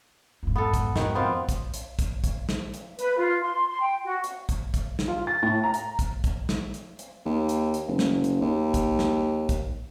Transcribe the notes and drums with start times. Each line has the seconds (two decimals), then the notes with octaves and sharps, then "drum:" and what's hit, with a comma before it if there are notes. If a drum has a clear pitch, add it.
0.43 F2 G#2
0.56 B3 A4
0.74 drum: kick A#1, hi-hat
0.96 D#3 F#4, drum: snare
1.15 B3 C4 F4
1.49 drum: kick A#1, hi-hat
1.74 drum: hi-hat
1.99 drum: kick A#1, hi-hat
2.24 drum: kick A#1, hi-hat
2.49 drum: snare
2.74 drum: hi-hat
2.99 B4, drum: hi-hat
3.17 F4
3.43 C6
3.68 C6
3.81 G5
4.04 F#4
4.24 drum: hi-hat
4.49 drum: kick A#1, hi-hat
4.74 drum: kick A#1, hi-hat
4.99 drum: snare
5.08 F4
5.27 A6
5.43 A2
5.63 A#5
5.74 drum: hi-hat
5.99 drum: kick A#1, hi-hat
6.24 drum: kick A#1, hi-hat
6.49 drum: snare
6.74 drum: hi-hat
6.99 drum: hi-hat
7.26 D#2
7.49 drum: hi-hat
7.74 drum: hi-hat
7.88 F#1
7.99 drum: snare
8.24 drum: hi-hat
8.41 D#2
8.74 drum: kick A#1, hi-hat
8.99 drum: snare
9.49 drum: kick A#1, hi-hat